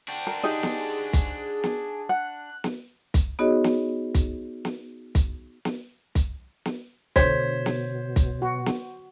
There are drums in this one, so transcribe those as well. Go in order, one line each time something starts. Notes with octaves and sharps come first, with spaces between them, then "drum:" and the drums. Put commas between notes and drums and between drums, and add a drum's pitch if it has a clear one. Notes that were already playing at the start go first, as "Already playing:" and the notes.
D4 F#4 G5
A#4
D#4 G4 G#4 D#5
drum: snare
drum: kick, hi-hat
drum: snare
F#5 F#6
drum: snare
drum: kick, hi-hat
B3 D#4 F#4 G#4 C#5 D#5
drum: snare
drum: kick, hi-hat
drum: snare
drum: kick, hi-hat
drum: snare
drum: kick, hi-hat
drum: snare
B2 D3 C5 C#5 G#6 B6, drum: kick, hi-hat
drum: snare
drum: kick, hi-hat
F#4
drum: snare